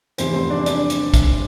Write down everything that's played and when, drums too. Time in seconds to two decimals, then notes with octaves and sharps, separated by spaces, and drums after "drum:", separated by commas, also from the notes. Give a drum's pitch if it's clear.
0.18 F1 E2 C3 G3 C4 C5, drum: hi-hat
0.34 C4 C5
0.50 D4 D5
0.66 D4 D5, drum: hi-hat
0.90 drum: hi-hat
1.14 drum: kick, hi-hat